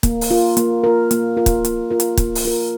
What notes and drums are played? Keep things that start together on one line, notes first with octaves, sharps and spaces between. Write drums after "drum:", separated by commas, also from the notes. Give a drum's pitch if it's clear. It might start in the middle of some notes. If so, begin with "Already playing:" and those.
A#3, drum: kick, hi-hat
drum: open hi-hat
F4 A#4
A#3, drum: hi-hat
F4 A#4
A#3, drum: hi-hat
F4 A#4
drum: kick, hi-hat
A#3, drum: hi-hat
F4 A#4
drum: hi-hat
A#3, drum: kick, hi-hat
drum: open hi-hat
F4 A#4